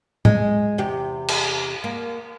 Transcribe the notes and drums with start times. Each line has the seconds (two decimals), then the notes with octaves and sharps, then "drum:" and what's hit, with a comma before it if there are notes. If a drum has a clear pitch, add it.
0.25 G#3, drum: tom A2
0.78 E2 C3 G4
1.28 drum: cymbal
1.84 A#3